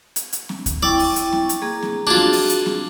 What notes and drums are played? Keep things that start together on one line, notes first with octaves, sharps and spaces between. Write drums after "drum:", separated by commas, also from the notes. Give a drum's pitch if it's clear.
drum: hi-hat
drum: hi-hat
drum: snare C4
drum: kick D2, hi-hat
E4 D5 G5 C#6, drum: snare C4
drum: open hi-hat
drum: hi-hat
drum: snare C4
drum: hi-hat
A#3 G#4
drum: snare C4
D4 F4 F#4 G#4
drum: snare C4
drum: open hi-hat
drum: hi-hat
drum: snare C4